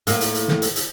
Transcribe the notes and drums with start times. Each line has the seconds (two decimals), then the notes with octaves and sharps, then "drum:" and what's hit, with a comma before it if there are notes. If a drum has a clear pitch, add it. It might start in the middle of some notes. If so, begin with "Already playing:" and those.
0.07 A2 A#3, drum: hi-hat
0.21 drum: hi-hat
0.34 drum: hi-hat
0.48 drum: snare
0.62 drum: hi-hat
0.76 drum: hi-hat